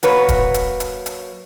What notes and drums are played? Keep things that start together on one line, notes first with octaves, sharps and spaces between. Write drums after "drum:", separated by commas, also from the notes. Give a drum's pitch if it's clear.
F#3 A#3 B4 C#5, drum: hi-hat
drum: kick D#1, hi-hat
drum: hi-hat
drum: hi-hat
drum: hi-hat